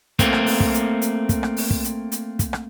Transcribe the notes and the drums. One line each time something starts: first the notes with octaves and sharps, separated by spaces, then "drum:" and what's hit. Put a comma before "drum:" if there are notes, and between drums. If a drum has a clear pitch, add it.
A3 A#3 C4, drum: kick, hi-hat
drum: rim click
drum: open hi-hat
drum: kick
drum: hi-hat
drum: hi-hat
drum: kick, hi-hat
drum: rim click
drum: open hi-hat
drum: kick
drum: hi-hat
drum: hi-hat
drum: kick, hi-hat
drum: rim click